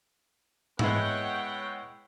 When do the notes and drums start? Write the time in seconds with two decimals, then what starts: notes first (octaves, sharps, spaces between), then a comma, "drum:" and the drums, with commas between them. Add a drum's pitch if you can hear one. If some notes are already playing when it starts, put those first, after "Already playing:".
0.79 G#3 B3 E4 C#5 F#5 G5, drum: tom G#2